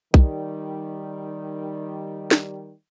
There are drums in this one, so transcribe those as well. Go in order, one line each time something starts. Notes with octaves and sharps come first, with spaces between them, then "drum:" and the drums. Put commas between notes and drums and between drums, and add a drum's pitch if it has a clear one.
D#3 G3, drum: kick B1
drum: snare